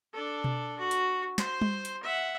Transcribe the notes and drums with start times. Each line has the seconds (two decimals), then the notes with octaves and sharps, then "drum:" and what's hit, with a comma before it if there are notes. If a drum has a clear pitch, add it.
0.14 D4 A4
0.44 drum: tom B2
0.79 F#4
0.91 drum: hi-hat
1.38 C5 C6, drum: snare
1.61 drum: tom G3
1.85 drum: hi-hat
2.03 E5 F#5